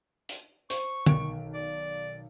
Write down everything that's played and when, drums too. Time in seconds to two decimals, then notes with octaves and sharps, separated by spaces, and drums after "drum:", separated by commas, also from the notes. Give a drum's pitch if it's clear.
0.29 drum: hi-hat
0.70 C5 C#6, drum: hi-hat
1.06 B1 D#3 D7, drum: tom D3
1.54 D5